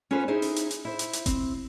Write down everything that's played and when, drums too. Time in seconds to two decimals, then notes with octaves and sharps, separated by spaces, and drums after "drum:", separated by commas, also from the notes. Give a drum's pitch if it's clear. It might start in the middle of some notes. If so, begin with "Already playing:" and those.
0.11 C#4 F4 A4 B4 C5
0.28 D#4 E4 G#4 C5
0.42 drum: open hi-hat
0.56 drum: hi-hat
0.71 drum: hi-hat
0.85 E4 C5
0.99 drum: hi-hat
1.13 drum: hi-hat
1.26 C4, drum: kick F#1, hi-hat